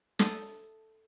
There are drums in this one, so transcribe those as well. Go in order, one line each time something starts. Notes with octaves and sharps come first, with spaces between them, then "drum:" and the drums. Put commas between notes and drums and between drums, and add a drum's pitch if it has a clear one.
A4 A5 D#6, drum: snare